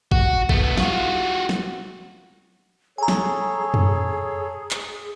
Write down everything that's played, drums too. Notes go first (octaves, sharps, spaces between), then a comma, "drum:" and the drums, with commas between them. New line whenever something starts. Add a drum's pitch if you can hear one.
F#4, drum: kick G#1
A3 B3, drum: kick G#1
F4 F#4, drum: snare
drum: snare
G#4 A4 C#5 G#5 A#5
drum: snare
drum: tom F2
drum: clap